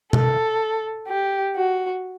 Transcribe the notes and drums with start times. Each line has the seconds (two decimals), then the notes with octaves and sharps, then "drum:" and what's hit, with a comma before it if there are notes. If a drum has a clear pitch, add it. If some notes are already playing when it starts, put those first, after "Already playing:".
0.13 A4, drum: tom B2
1.08 G4
1.56 F#4